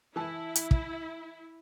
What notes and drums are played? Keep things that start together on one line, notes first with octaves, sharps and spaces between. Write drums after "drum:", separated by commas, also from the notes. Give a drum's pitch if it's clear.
E3 E4 A5
drum: hi-hat
drum: kick